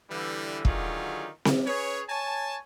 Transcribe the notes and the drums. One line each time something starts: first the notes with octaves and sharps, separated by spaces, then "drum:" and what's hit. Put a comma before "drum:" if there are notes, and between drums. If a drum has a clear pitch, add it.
D3 E3 G3
D3 D#3 F#3 F4 G4 G#4, drum: kick
drum: snare C4
C#4 G#4 B4 C#5
C#5 G#5 A5